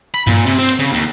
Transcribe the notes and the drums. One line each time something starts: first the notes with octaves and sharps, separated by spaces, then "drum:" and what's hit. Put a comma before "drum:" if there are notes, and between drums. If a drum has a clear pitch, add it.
B5
A#2, drum: tom G2
C3
C4
drum: cymbal
C#3
D#2